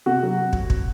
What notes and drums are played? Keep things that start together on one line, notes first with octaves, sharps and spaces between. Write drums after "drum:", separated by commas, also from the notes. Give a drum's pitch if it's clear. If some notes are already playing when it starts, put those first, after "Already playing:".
C3 F#4
F#3
drum: kick
drum: kick